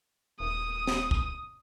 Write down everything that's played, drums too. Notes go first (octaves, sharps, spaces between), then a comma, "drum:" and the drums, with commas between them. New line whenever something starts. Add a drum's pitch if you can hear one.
D#1 D#6
drum: snare
drum: kick